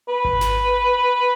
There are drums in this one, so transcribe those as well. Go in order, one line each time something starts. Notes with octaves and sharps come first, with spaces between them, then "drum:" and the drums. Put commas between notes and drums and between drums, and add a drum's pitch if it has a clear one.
B4
drum: kick G#1
drum: snare